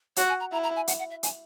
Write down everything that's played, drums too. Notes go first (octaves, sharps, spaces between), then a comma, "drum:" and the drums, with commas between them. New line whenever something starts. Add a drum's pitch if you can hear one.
F#4 C#5, drum: hi-hat
G#5
A#5
E4 A#5
A#5
G#5
F#5, drum: hi-hat
F#5
E5
G#5, drum: hi-hat